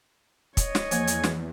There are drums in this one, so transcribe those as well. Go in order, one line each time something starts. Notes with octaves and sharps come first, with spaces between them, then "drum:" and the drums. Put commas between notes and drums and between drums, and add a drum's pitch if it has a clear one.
C#5 D#5, drum: kick, hi-hat
drum: snare
E2 F3 A#3 G#5, drum: hi-hat
drum: hi-hat
drum: snare